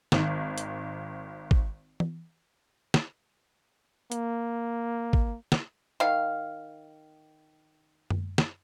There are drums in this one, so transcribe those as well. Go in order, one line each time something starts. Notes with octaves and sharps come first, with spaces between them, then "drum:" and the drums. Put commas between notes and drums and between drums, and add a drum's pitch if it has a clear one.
G#1 D#3, drum: snare
drum: hi-hat
drum: kick
drum: tom
drum: snare
A#3, drum: hi-hat
drum: kick
drum: snare
D#3 F5
drum: tom F#2
drum: snare